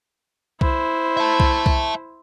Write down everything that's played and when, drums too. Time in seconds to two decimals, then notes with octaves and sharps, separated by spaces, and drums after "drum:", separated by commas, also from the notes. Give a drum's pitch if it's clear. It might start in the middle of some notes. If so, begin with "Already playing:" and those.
0.61 E4 C5, drum: kick C2
1.17 E5 A5
1.40 drum: kick C2
1.66 drum: kick C2